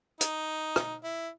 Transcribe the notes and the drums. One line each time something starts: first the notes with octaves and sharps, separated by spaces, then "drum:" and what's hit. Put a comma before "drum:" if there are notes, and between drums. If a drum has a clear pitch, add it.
D#4, drum: hi-hat
drum: rim click
E4